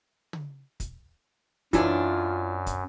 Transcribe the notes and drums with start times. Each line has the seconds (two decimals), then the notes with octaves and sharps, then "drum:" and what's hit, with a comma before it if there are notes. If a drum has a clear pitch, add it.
0.33 drum: tom
0.80 drum: kick, hi-hat
1.73 F#2 E3 D4 F4 C#5 E5, drum: kick, hi-hat
2.66 drum: kick, hi-hat